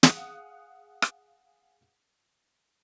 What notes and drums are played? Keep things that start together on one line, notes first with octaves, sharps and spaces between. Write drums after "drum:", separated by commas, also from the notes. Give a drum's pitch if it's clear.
G#4 F5 F#5 D#6 F#6, drum: snare
drum: rim click